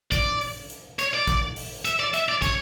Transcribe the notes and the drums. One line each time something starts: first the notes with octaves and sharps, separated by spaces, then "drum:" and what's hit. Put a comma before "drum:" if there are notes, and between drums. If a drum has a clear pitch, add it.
D5, drum: kick, hi-hat
drum: open hi-hat
drum: hi-hat
C#5, drum: hi-hat
D5
drum: kick, hi-hat
drum: open hi-hat
E5, drum: hi-hat
D5
E5, drum: hi-hat
D5
C#5, drum: kick, hi-hat